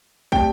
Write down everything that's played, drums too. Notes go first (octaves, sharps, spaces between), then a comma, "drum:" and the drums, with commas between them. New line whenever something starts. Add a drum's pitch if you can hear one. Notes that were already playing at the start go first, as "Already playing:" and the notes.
A3 C4 G4 D5 G5 A5, drum: kick